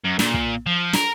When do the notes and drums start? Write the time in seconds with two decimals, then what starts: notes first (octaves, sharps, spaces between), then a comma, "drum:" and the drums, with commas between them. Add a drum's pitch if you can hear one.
0.04 F#2
0.19 A#2, drum: snare
0.34 drum: kick
0.66 F3
0.93 A#4, drum: snare